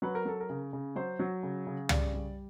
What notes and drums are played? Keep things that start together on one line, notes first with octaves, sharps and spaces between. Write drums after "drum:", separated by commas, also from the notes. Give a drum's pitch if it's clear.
F#3 B4
A#4
F#3 A4
A#4
C#3
C#3
F#3 C5
F#3
C#3
C#3
G3 D5, drum: tom
G3